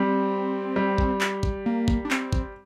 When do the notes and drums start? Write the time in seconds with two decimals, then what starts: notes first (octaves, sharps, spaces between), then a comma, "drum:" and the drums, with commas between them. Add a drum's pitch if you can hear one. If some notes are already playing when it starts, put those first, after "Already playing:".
Already playing: G3 C4
0.76 G3
0.98 drum: kick
1.21 drum: clap
1.43 drum: kick
1.66 A#3
1.88 drum: kick
2.05 D4
2.11 C4, drum: clap
2.33 drum: kick